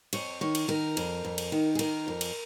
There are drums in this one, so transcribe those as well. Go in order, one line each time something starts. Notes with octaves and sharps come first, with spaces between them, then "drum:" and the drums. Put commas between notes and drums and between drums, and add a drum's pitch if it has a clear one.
F2 C#5, drum: cymbal
D#3 C#5
drum: cymbal
D#3 A#4
F2, drum: cymbal
F2
drum: cymbal
D#3
G#4
D#3 A#4, drum: cymbal
F2
drum: cymbal